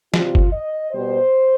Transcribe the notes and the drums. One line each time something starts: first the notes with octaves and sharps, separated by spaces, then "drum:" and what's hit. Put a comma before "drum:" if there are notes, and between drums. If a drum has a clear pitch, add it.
C3 G3 F4, drum: snare
drum: kick G1
D#5
B2 G3 C5